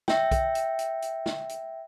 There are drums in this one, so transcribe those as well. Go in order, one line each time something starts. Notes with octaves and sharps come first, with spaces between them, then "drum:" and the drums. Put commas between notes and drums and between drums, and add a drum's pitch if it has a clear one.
E5 G5, drum: snare
drum: kick B1, hi-hat
drum: hi-hat
drum: hi-hat
drum: hi-hat
drum: snare
drum: hi-hat